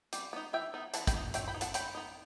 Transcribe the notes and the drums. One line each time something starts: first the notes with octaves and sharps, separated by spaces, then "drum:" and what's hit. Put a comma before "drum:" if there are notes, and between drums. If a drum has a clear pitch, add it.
G3, drum: hi-hat
B3 D#4
E3 E5 G5
B3 D#4
E3 F#5 A5, drum: hi-hat
G5 B5, drum: kick, hi-hat
B3 D#4
F#3 E5 G5, drum: hi-hat
G5 B5
B3 D#4
F#5 A5, drum: hi-hat
F#3 G5 B5, drum: hi-hat
B3 D#4